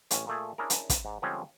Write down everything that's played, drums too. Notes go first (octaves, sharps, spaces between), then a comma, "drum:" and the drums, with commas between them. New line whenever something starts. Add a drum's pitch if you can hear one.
A1 C#4, drum: hi-hat
A#2 A3 G#4
C#4 D4 E4 G#4 A#4
drum: hi-hat
drum: kick, hi-hat
G#2
D3 F3 G3 G#3 C4 C#4